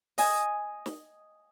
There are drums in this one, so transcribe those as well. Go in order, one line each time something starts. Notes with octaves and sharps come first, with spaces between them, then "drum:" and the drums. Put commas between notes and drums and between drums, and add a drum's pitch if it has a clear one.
D#5 G#5, drum: open hi-hat
drum: snare